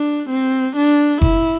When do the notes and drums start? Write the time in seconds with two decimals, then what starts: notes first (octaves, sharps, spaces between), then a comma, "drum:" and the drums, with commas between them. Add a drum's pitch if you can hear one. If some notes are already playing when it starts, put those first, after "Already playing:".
Already playing: D4
0.30 C4
0.76 D4
1.22 E4, drum: kick F#1